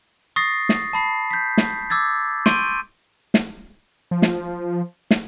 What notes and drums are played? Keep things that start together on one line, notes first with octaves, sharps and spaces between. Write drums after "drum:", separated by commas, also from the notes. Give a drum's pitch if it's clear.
C#6 D#6 A6 A#6 C7
drum: snare
A5 B5 C7
G6 B6
drum: snare
D6 E6 G#6 A6
C6 C#6 G6 D7 D#7, drum: snare
drum: snare
F3
drum: snare
drum: snare